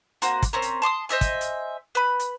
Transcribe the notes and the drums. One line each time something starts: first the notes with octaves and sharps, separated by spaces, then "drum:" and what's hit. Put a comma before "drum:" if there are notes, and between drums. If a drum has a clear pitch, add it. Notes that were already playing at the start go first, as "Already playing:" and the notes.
A#3 C4 F#4, drum: hi-hat
drum: kick, hi-hat
C4 C#4 A#4
drum: hi-hat
A5 C6 D6 D#6
C5 D#5 E5 G#5
drum: kick, hi-hat
drum: hi-hat
B4 B5
drum: hi-hat